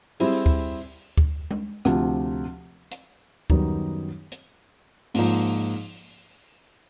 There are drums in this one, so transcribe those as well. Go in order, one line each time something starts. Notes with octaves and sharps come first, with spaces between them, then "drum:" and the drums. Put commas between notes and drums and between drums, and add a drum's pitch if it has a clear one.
G3 C4 E4 G#4, drum: open hi-hat
drum: kick D2
drum: kick D2
drum: tom G#3
D2 C3 F3, drum: rim click
drum: hi-hat
F#2 D#3 G3 B3 D#4, drum: kick D2
drum: hi-hat
G#2 F3 A#3 D#4, drum: open hi-hat